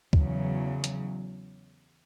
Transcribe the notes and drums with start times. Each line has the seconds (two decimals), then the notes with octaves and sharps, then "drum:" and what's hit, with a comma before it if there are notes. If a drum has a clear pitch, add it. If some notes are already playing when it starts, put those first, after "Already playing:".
0.13 E2 C#3 F#3, drum: kick D2
0.84 drum: hi-hat